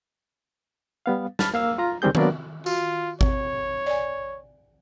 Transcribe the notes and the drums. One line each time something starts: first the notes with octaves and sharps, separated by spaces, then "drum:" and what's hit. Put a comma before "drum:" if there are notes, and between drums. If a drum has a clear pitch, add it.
G3 B3 F5
A5 B5 F6 A6, drum: snare
A#3 F5 E6
F4 A#5
C#2 D#3 G3 C4 G#4 G6
F#3 A#3 B3 D4 A#4 D5, drum: tom D#3
F4 F#4, drum: tambourine
C4 C#5, drum: kick G#1
D5 G#5